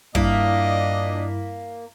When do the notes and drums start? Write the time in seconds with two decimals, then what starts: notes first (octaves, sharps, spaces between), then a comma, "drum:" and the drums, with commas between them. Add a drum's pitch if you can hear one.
0.15 G2 A#2 A#3 D4 E4 D#5 B6, drum: kick